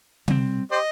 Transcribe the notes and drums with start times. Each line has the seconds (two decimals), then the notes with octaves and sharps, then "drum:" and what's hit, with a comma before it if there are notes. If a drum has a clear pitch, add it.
0.28 G3 C4, drum: tom C3
0.71 G4 C5 D#5